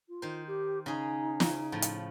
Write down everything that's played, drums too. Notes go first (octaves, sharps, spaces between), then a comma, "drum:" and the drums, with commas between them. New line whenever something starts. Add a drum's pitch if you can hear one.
F4
D#3 C5
G4
C#3 D#4 G#4
C#3, drum: snare
A2 F3
drum: hi-hat